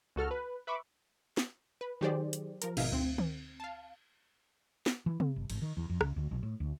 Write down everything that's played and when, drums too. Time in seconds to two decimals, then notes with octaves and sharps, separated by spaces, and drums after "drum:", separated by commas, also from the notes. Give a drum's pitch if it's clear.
0.16 C#2 F#4 A4 F6
0.31 B4
0.67 B4 E5 B5 C#6 D6
1.37 drum: snare
1.81 B4
2.01 D#3 F#3 G4 G#4 C5 D5
2.33 drum: hi-hat
2.62 F3 A#4, drum: hi-hat
2.77 G#1 B2 D#4 E5 F5, drum: cymbal
2.92 D2 C4
3.18 drum: tom
3.60 F5 A5
4.86 drum: snare
5.06 E3
5.20 C4, drum: tom C3
5.36 G1
5.50 G#1, drum: cymbal
5.62 D#3
5.77 E2
5.90 F2
6.01 C#2, drum: rim click
6.16 D2
6.31 B1
6.43 A2
6.60 D2